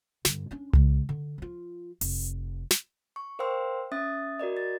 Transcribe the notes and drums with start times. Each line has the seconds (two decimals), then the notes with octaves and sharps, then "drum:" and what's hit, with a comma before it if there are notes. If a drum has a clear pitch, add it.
0.25 G2 D3, drum: snare
0.51 C#4 D4
0.73 C#3 G#3, drum: tom C2
1.09 D3
1.38 F3 F4
2.01 F1, drum: open hi-hat
2.71 drum: snare
3.16 C#6
3.39 A#4 C5 F5 G5 C6 E6
3.92 C#4 E5 D#6 A6
4.39 F#4 A#4 D5 D#5
4.57 A6